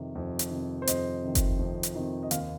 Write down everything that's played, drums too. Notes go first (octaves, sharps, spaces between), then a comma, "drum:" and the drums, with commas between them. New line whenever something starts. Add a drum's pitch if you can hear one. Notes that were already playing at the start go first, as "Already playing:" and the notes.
Already playing: F2 C3 D#3
F2
drum: hi-hat
C3 D#3
C5
F2 D#5, drum: hi-hat
C3 D#3
drum: kick F#1, hi-hat
F2
drum: hi-hat
C3 D#3
D#5
D#2 F5, drum: hi-hat